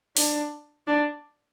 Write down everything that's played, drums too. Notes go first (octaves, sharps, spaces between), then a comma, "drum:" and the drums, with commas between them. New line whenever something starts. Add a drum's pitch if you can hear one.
D4, drum: open hi-hat
D4